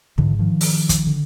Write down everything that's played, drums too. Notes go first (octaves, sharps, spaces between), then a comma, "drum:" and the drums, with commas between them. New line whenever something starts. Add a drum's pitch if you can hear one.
G#2 D3 E3, drum: kick
D#3 F3
drum: open hi-hat
drum: kick, hi-hat
D3